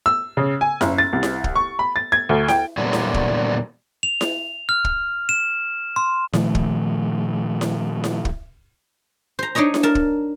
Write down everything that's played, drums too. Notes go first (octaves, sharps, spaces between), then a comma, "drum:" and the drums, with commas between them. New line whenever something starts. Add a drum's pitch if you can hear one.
E6
C#3
G#5
F#1, drum: snare E4
A6
C2
drum: snare E4
drum: kick
C#6
B5
A6
G#6
D2
G5, drum: snare E4
E2 A#2 D3 F#3 G3 C4
drum: snare E4
drum: kick
F7
drum: snare E4
F6
drum: kick
E7
C6
A#2 D#3 F3 A3, drum: snare E4
drum: kick
drum: snare E4
drum: snare E4
drum: kick
C5 A#5
D4 D#4 C#5 D#5 A#5
drum: snare E4
A#4 A5
drum: kick